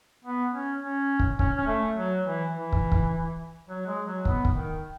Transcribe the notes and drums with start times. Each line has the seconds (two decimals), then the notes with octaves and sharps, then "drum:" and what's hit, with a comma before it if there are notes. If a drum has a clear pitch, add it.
0.24 B3
0.52 C#4
0.81 C#4
1.19 drum: kick
1.39 C#4, drum: kick
1.57 C#4
1.67 A3
1.96 F#3
2.25 E3
2.54 E3
2.73 drum: kick
2.92 drum: kick
3.69 F#3
3.87 G#3
4.06 F#3
4.25 B3, drum: kick
4.45 drum: kick
4.54 D#3